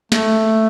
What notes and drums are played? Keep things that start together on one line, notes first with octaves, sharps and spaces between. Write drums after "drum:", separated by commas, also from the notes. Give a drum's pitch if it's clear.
A3, drum: snare